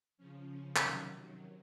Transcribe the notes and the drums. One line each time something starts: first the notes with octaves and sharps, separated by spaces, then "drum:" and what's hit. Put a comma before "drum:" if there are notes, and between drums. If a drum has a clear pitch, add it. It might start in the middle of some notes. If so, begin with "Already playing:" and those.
C#3 F3 C#4
C#4
C3 D#3 F#3 C#4, drum: clap